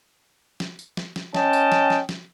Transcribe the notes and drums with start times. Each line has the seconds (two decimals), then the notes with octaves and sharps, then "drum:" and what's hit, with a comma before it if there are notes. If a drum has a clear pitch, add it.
0.60 drum: snare
0.79 drum: tambourine
0.97 drum: snare
1.16 drum: snare
1.35 C#4 D#5 G5 A5, drum: snare
1.53 drum: tambourine
1.72 drum: snare
1.90 drum: snare
2.09 drum: snare